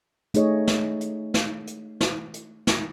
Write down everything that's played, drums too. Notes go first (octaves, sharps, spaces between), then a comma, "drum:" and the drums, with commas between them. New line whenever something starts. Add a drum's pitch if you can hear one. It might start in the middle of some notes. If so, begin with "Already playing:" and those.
A3 D#4 G#4 C#5 D#5, drum: hi-hat
drum: snare
drum: hi-hat
drum: snare
drum: hi-hat
drum: snare
drum: hi-hat
drum: snare